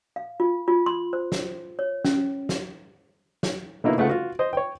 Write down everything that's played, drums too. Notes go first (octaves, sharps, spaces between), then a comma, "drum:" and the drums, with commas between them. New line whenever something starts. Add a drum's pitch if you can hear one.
F5
F4
F4
C6
C5
drum: snare
C#5
C#4, drum: snare
drum: snare
drum: snare
B2 D3 A#3 D#4 E4
C#3 A3 F4 F#5
F4 F#4
C5 D#5
C#5 G5